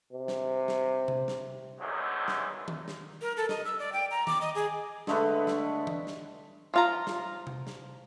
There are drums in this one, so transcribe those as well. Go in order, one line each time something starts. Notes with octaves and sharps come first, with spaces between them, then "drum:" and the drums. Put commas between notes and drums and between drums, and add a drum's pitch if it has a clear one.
C3
drum: snare
drum: snare
drum: tom C3
drum: snare
E2 G#2 D3 D#3 F#3
drum: snare
drum: tom
drum: snare
A#4
A4
D#5, drum: snare
E6
D5
G5
A#5
D6, drum: tom
D#5
G#4
D3 G#3 A3 B4, drum: snare
drum: snare
drum: tom E3
drum: snare
F3 F4 A#5
drum: snare
drum: tom C3
drum: snare